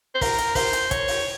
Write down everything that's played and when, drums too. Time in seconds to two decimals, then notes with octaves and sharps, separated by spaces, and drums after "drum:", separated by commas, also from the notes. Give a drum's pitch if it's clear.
0.15 C5
0.21 A#4, drum: kick, open hi-hat
0.38 drum: hi-hat
0.55 C5, drum: kick, open hi-hat
0.73 drum: hi-hat
0.91 C#5, drum: kick, hi-hat
1.08 drum: open hi-hat